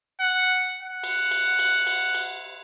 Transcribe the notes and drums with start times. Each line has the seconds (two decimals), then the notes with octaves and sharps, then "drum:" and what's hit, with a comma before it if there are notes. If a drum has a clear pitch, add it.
0.20 F#5
0.82 F#5
1.03 drum: cymbal
1.31 drum: cymbal
1.59 drum: cymbal
1.87 drum: cymbal
2.15 drum: cymbal